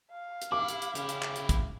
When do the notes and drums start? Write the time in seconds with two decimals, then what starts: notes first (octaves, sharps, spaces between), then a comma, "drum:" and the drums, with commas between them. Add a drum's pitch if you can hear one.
0.12 F5
0.42 drum: hi-hat
0.52 E4 G4 D6
0.68 drum: hi-hat
0.82 drum: hi-hat
0.95 C#3 E4 G4, drum: hi-hat
1.09 drum: hi-hat
1.22 drum: clap
1.36 drum: hi-hat
1.49 drum: kick, hi-hat